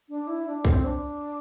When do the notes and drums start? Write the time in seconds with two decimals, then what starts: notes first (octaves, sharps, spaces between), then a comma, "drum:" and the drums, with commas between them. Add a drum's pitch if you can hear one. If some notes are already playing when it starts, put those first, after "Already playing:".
0.09 D4
0.27 E4
0.47 D4
0.65 C4, drum: kick B1
0.84 D4